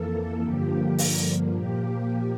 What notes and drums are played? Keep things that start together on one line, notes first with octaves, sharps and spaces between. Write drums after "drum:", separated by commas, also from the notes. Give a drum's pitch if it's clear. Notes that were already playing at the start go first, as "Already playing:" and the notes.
Already playing: F2 E3 A#3 A4
G2 D3 F3 A#3 G4
G2 D3 F3 A#3, drum: open hi-hat
A#2 F3 A#3 G4